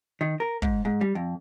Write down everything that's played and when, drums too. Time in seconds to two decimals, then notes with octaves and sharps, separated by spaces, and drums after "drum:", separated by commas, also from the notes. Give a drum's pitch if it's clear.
0.21 D#3
0.40 A#4
0.62 G#2, drum: kick
0.85 G#2
1.01 G3
1.15 F2